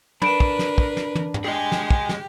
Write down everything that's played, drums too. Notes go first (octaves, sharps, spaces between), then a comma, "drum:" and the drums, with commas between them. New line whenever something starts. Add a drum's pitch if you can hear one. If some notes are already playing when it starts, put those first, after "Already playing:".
D4 A#4 B4 B5 D7 E7, drum: tom
drum: kick
drum: snare
drum: kick
drum: snare
drum: tom
drum: tom
G4 G#4 D#5
drum: snare
drum: kick
drum: snare